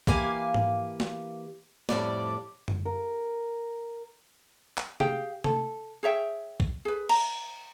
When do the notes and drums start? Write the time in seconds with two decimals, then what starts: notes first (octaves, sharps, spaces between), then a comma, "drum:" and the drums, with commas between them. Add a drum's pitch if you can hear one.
0.07 E3 A#3 G4 F5 G#5, drum: kick B1
0.54 drum: tom G#2
1.00 drum: snare
1.89 F2 A2 G3 D5, drum: snare
2.68 drum: tom F#2
2.85 A#4
4.78 drum: clap
5.00 G4 G#4 F5 G5, drum: tom C3
5.44 A4, drum: tom C3
6.03 G#4 C#5 E5 G5
6.60 drum: kick B1
6.85 G#4 B4
7.09 A#5, drum: cymbal